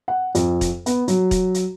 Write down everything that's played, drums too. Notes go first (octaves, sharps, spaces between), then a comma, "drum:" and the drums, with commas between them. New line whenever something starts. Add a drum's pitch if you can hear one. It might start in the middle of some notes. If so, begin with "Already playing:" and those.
F#5
F2, drum: hi-hat
drum: kick E1, hi-hat
B3, drum: hi-hat
F#3, drum: hi-hat
drum: kick E1, hi-hat
drum: hi-hat